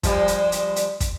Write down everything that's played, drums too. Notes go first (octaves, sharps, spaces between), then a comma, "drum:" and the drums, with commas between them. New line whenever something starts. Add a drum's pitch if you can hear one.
F3 G3 G#3, drum: kick, hi-hat
drum: hi-hat
drum: hi-hat
drum: hi-hat
drum: kick, hi-hat